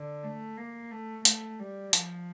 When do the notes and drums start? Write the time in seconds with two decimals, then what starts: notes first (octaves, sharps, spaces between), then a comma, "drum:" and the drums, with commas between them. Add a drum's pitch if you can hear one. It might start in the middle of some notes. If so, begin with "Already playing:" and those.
Already playing: D3
0.24 A3
0.57 A#3
0.91 A3
1.25 A3, drum: hi-hat
1.59 G3
1.93 F3, drum: hi-hat